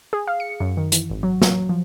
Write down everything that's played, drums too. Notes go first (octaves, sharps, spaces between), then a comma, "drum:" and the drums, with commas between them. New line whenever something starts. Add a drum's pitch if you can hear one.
G#4
F5
C#7
F#2
D#3
E3, drum: hi-hat
G#1
F#3
F#3, drum: snare
F3